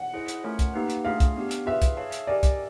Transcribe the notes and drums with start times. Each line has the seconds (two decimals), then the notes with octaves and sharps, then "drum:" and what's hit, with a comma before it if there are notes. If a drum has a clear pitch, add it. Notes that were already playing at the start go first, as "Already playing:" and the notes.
Already playing: F#5
0.13 E4 G#4 C5 D#5
0.28 drum: hi-hat
0.44 A3 C#4 F4 A#4 C#5
0.59 drum: kick, hi-hat
0.74 A#3 D#4 G4 B4
0.90 drum: hi-hat
1.05 A3 D4 F4 G#4 F5
1.20 drum: kick, hi-hat
1.36 B3 D4 G4
1.51 drum: hi-hat
1.66 F4 G#4 B4 E5
1.82 drum: kick, hi-hat
1.97 G#4 C#5 F5 A5
2.12 drum: hi-hat
2.27 G4 A#4 D5 D#5 G#5
2.43 drum: kick, hi-hat